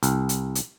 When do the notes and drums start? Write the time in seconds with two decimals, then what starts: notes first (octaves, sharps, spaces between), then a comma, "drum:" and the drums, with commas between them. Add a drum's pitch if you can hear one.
0.03 C2, drum: hi-hat
0.29 drum: hi-hat
0.55 drum: hi-hat